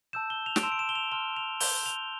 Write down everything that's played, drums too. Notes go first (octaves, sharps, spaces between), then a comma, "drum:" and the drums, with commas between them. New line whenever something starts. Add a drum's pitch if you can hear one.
A5 E6 G6 E7
G7
F7
D7, drum: snare
A5 C6 E6 G6 E7
D7
E7
G7
F7
A5 C6 F6 G7
F7
C6 G6 G7, drum: open hi-hat
F7